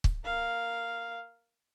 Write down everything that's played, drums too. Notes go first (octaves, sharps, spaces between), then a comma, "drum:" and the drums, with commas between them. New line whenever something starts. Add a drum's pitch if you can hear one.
drum: kick
A#3 F5